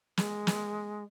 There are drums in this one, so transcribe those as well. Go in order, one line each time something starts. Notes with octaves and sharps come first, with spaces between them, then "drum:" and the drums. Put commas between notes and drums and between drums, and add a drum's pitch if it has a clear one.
G#3, drum: snare
drum: snare